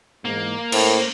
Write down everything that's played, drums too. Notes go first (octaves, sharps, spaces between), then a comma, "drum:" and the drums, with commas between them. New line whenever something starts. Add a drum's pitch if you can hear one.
E2 G#2 A#3
A2 C#4 A#4 C5, drum: cymbal